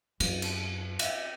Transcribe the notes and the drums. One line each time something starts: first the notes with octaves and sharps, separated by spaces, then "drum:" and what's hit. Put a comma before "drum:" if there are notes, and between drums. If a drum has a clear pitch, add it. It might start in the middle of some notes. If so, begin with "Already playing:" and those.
F#2, drum: cymbal
drum: cymbal
drum: cymbal